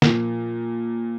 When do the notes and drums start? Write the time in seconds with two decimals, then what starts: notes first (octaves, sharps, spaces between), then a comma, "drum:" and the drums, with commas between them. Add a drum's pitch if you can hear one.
0.02 A#2 F3 A#3, drum: snare